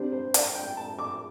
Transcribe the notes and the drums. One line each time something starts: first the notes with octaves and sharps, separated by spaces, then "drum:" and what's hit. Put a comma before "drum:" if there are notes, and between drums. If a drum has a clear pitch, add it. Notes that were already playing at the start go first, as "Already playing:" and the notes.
Already playing: C3 G3 D4 C5
C5
D5, drum: hi-hat
G5
A5
D6